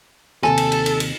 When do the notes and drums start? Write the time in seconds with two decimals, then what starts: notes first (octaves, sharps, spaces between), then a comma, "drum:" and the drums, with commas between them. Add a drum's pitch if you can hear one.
0.43 D#2 C3 A4 G#5, drum: rim click
0.58 drum: cymbal
0.72 drum: cymbal
0.86 drum: cymbal
1.00 drum: cymbal